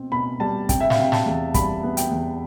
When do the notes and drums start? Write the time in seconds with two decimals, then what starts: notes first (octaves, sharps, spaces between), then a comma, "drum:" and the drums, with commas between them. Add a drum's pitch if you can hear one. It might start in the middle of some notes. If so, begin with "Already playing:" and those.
Already playing: B2 C4
0.12 B2 B5
0.40 G3 A5
0.69 C3 G5, drum: kick, hi-hat
0.80 E5
0.90 F5, drum: snare
0.98 C3 G5
1.12 A5, drum: snare
1.26 E2
1.54 G3 B5, drum: kick, hi-hat
1.83 B3
1.97 G5, drum: hi-hat
2.11 E2